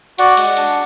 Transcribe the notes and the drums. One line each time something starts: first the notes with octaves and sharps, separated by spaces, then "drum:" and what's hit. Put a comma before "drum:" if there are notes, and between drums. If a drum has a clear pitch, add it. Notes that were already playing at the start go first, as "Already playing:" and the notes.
F#4 D5 F#5, drum: cymbal
G#3, drum: cymbal
D4, drum: cymbal